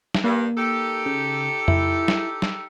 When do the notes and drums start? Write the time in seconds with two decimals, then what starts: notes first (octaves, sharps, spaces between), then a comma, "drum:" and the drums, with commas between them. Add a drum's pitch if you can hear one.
0.14 drum: snare
0.24 G2 A#3
0.56 D#4 G4 A4
1.06 C#3
1.68 E4, drum: tom F2
2.08 drum: snare
2.42 drum: snare